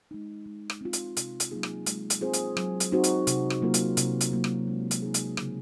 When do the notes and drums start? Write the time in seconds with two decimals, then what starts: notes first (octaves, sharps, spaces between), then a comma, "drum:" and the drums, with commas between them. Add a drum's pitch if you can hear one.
0.11 G#3 D#4
0.46 G#3
0.70 drum: rim click
0.81 C4 F4
0.93 drum: hi-hat
1.17 C3, drum: hi-hat
1.40 drum: hi-hat
1.51 F#3 A#3 D#4 G#4
1.63 drum: rim click
1.86 G#3, drum: hi-hat
2.10 drum: hi-hat
2.21 C4 F4 G#4 C5
2.33 drum: hi-hat
2.57 F#3, drum: rim click
2.80 drum: hi-hat
2.92 C4 D#4 F#4 C5
3.04 drum: hi-hat
3.27 C3, drum: hi-hat
3.50 drum: rim click
3.62 F#3 A#3 F4 A#4
3.74 drum: hi-hat
3.97 C3, drum: hi-hat
4.21 drum: hi-hat
4.32 F#3 A#3
4.44 drum: rim click
4.67 G#3
4.91 drum: hi-hat
5.02 D#4 G#4
5.14 drum: hi-hat
5.37 C#3, drum: rim click